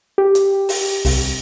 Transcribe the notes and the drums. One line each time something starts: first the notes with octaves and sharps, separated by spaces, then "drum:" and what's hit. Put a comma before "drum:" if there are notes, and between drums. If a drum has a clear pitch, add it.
G4
drum: hi-hat
drum: open hi-hat
C2, drum: open hi-hat